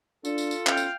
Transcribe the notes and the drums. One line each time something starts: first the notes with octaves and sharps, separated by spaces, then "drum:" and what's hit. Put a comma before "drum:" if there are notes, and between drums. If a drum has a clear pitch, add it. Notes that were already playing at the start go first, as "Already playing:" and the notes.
D4 F4 A4, drum: tambourine
drum: tambourine
drum: tambourine
C#4 F5 G5, drum: clap
drum: tambourine